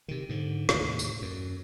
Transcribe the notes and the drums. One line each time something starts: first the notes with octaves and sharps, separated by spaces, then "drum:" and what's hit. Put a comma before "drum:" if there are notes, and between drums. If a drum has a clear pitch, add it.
C3 D#3
G#2 D3
D#2 A2 C3, drum: snare
drum: tambourine
F#2